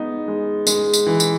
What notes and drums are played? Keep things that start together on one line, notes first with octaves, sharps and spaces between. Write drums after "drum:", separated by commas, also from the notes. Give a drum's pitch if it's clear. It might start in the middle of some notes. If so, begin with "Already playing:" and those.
Already playing: G#3 B3 D#4
G#3
G#3, drum: tambourine
drum: tambourine
E3
drum: tambourine